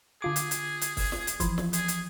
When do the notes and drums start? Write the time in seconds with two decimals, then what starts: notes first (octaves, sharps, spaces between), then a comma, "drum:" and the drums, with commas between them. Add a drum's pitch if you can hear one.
0.22 D3 F4 G#4 D6
0.36 drum: hi-hat
0.51 drum: hi-hat
0.81 drum: hi-hat
0.97 drum: kick, open hi-hat
1.12 drum: snare
1.27 drum: hi-hat
1.40 E3 F3, drum: kick, hi-hat
1.58 drum: snare
1.73 G#4, drum: hi-hat
1.88 drum: hi-hat